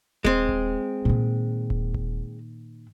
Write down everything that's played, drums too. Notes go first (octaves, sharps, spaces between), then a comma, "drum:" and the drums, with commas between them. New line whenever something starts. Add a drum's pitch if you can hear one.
G#3 C4, drum: kick D#1
drum: kick D#1
A#2 D#3
drum: kick D#1
drum: kick D#1